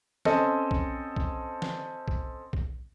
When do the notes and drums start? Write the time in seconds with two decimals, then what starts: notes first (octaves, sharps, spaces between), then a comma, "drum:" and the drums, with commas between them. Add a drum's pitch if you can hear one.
0.25 C4 C#4 A4 D#5, drum: snare
0.71 drum: kick B1
1.16 drum: kick B1
1.62 drum: snare
2.08 drum: kick B1
2.53 drum: kick B1